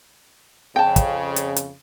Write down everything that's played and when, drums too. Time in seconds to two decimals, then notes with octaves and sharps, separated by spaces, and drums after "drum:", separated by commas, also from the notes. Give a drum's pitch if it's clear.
0.76 F2 C#3 G5 A5
0.96 drum: kick, hi-hat
1.36 drum: hi-hat
1.56 drum: hi-hat